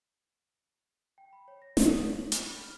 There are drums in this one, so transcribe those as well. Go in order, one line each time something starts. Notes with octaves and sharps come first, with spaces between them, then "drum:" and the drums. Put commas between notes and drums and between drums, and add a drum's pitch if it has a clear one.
G5
B5
C#5
A#6
E6, drum: snare
D#6
C#5
F#7
E4, drum: hi-hat
B5
F6